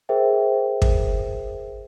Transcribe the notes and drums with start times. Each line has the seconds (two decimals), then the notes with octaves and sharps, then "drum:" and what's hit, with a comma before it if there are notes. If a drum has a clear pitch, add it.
0.09 G#4 A#4 C5 E5 G5
0.82 drum: kick